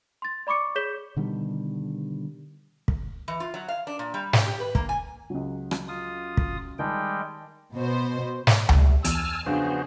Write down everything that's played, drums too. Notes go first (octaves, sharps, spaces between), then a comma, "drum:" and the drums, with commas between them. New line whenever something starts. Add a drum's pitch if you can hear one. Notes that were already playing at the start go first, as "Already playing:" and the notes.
C6 A6
D5 B5 C#6 D6 C#7
G#4 C#5 G6 B6 E7 G7
B2 D3 D#3 G3
drum: kick
E3
F4
F#3
F5
D4
A#2
G3
G4, drum: snare
G4
B4
A#3, drum: kick
G#5
C#2 F#3
drum: rim click
F4 D#6
drum: kick
D#3 G3 G#3 G5 A5
B2 C5
drum: snare
G3 A3, drum: tom C#2
E2 G#5 A5 E6 F6, drum: hi-hat
C#3 F3 B3 D4 F#4 G#4 C5